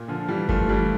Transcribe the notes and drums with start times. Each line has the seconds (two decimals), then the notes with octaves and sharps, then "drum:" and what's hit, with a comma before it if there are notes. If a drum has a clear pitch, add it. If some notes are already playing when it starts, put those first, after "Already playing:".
Already playing: A#2
0.08 D3 F3
0.29 E3 G3
0.49 F3 A3, drum: kick G1
0.69 E3 G3